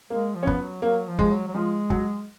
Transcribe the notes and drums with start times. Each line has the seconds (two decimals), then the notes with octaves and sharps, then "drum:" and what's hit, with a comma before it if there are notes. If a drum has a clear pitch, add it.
0.10 G#3 A#3
0.35 F3
0.43 C#4
0.47 B3, drum: kick
0.58 F#3
0.82 F#3 A#3
1.07 F3
1.19 G#3, drum: kick
1.31 F#3
1.48 F#3
1.54 F3 G#3
1.90 F#3, drum: kick